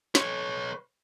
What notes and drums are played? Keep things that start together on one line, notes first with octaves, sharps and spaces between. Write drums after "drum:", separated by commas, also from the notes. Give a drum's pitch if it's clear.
B4 C#5, drum: snare